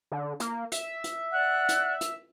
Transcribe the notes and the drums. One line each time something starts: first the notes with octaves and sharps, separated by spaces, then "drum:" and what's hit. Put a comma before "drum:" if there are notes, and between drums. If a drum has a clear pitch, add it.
D3
A#3, drum: hi-hat
E5, drum: hi-hat
drum: hi-hat
D5 F#5 F#6
drum: hi-hat
drum: hi-hat